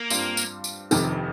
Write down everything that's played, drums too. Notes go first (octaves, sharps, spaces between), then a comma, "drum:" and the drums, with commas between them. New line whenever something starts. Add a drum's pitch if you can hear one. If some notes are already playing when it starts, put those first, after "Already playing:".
Already playing: A#3
G2 G3 C4 F4, drum: tambourine
drum: tambourine
drum: tambourine
F1 F2 C3 D#3, drum: tambourine